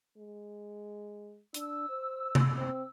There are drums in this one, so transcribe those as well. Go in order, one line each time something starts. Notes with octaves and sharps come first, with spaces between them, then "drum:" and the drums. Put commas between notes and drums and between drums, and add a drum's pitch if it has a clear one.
G#3
D4 E6, drum: hi-hat
C5
drum: tom C3
C4